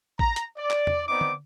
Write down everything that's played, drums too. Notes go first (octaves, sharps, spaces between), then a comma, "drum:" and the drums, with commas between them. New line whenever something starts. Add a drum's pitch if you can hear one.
A#5, drum: kick
drum: hi-hat
D5
drum: clap
drum: tom E2
B3 C4 D#4 D5 D6
drum: tom D3